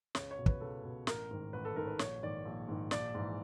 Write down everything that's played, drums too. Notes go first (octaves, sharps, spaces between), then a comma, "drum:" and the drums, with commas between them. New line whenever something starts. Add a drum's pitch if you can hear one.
C#2 C#5, drum: snare
C#5
B2
B4, drum: kick
C#2 A4
B2
A1 A#4, drum: snare
G#2 D#3
A1 B4
A4
G#2 D#3 A#4
B4
A#1 C#5, drum: snare
G#2 D#3 D5
A#1
G#2 D#3
A#1 D5, drum: snare
G#2 E3